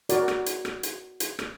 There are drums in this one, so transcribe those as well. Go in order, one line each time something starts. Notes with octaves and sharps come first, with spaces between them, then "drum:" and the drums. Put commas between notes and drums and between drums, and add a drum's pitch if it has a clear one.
F#4 A#4 D5, drum: hi-hat
drum: rim click
drum: hi-hat
drum: rim click
drum: hi-hat
drum: hi-hat
drum: rim click